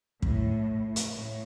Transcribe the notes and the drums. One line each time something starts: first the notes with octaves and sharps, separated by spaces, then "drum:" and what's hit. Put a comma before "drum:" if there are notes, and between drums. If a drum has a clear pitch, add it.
A2, drum: kick
drum: hi-hat
A2